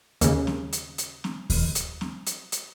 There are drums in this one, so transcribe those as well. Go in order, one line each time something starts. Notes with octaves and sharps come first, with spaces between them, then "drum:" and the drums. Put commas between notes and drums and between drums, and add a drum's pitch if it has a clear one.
D#2 C#3, drum: hi-hat
drum: snare C4
drum: hi-hat
drum: hi-hat
drum: snare C4
drum: kick D#2, open hi-hat
drum: hi-hat
drum: snare C4
drum: hi-hat
drum: hi-hat